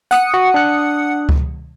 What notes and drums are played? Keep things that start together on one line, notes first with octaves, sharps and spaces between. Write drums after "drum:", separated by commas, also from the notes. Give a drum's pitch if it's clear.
F#5 D#6 C#7, drum: hi-hat
F#4
D4 F#6
drum: kick C#2